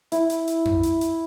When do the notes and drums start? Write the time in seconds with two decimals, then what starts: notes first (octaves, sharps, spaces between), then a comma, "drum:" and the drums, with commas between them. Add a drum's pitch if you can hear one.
0.12 E4, drum: hi-hat
0.30 drum: hi-hat
0.48 drum: hi-hat
0.65 drum: tom F2
0.83 drum: hi-hat
1.01 drum: hi-hat